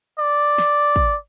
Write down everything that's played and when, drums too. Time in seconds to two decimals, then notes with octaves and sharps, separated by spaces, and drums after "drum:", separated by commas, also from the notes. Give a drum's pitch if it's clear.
0.19 D5
0.58 drum: snare
0.96 drum: kick